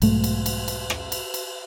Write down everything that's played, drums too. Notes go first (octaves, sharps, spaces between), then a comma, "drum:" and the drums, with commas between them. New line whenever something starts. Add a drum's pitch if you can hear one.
B1 G#2 A3, drum: cymbal
drum: cymbal
drum: cymbal
drum: cymbal
drum: rim click
drum: cymbal
drum: cymbal